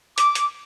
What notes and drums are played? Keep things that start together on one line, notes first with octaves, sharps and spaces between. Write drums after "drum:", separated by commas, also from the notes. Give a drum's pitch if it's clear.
D6, drum: hi-hat
drum: hi-hat